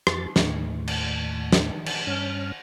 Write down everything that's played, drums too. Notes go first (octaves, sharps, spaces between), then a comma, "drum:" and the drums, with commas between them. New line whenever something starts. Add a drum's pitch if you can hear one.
F2 A6, drum: rim click
D#2 A2, drum: snare
drum: cymbal
drum: snare
drum: cymbal
G2 C#4 F6